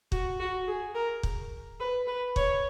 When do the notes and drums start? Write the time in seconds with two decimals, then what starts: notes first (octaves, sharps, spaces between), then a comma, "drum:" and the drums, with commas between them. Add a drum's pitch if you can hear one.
0.12 F#4, drum: kick
0.40 F#4
0.67 G#4
0.95 A#4
1.23 drum: kick
1.80 B4
2.07 B4
2.36 C#5, drum: kick